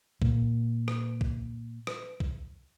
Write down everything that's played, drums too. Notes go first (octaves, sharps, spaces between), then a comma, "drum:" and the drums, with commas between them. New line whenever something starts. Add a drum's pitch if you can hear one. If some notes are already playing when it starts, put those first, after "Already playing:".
A#2 A#3, drum: kick B1
drum: rim click
drum: kick B1
drum: rim click
drum: kick B1